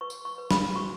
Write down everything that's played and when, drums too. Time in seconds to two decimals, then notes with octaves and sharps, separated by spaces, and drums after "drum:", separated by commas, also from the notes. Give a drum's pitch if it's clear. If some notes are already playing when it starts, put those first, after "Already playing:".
0.01 B4 C#6
0.10 drum: tambourine
0.25 C#6
0.38 B4
0.51 B5, drum: snare
0.75 F#4 C#6